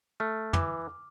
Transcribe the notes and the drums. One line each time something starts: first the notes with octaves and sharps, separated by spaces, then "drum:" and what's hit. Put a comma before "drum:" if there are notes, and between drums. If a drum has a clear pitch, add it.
A3 F6
E3 D6, drum: tom